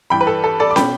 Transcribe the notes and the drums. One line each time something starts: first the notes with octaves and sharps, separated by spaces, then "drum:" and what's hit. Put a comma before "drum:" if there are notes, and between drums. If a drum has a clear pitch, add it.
G2 E3 G5 B5
B4
A4
A4
A4 D5
D6
B2 G5 B5, drum: snare